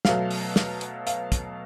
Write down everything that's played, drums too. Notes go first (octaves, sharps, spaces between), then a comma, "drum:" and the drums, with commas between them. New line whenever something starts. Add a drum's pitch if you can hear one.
B2 F#3 A3 F5, drum: snare
drum: open hi-hat
drum: snare
drum: hi-hat
F5, drum: hi-hat
drum: kick, hi-hat